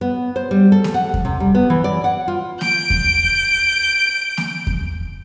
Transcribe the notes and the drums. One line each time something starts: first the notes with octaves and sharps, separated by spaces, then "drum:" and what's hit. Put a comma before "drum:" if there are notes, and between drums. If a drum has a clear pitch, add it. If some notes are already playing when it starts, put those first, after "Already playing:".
B3
C5
G3
A4
drum: snare A#3
F#5
drum: kick E2
C3
G3
B3
E3
D5
F#5
F4
G6 D7, drum: snare A#3
drum: kick E2
drum: snare A#3
drum: kick E2